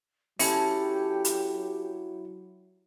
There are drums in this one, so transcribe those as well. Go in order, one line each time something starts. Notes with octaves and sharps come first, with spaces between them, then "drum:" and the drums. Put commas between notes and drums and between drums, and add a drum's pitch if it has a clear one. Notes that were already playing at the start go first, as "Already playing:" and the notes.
F#3 C#4 E4 G4 A4 C#7, drum: open hi-hat
drum: hi-hat